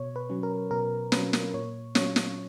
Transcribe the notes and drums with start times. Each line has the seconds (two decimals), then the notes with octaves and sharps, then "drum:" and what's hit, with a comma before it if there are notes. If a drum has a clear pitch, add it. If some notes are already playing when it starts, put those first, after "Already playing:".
Already playing: B2 C#5
0.16 B4
0.30 F#3 C#4
0.43 A#4
0.71 B2 A#4
1.12 F#3 C#4 B4, drum: snare
1.33 drum: snare
1.54 A#2 C#5
1.95 F#3 C#4 C#5, drum: snare
2.16 drum: snare